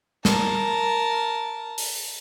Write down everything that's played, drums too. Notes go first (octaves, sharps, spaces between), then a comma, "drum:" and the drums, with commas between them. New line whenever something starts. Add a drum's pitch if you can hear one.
A#4 A5, drum: snare
drum: open hi-hat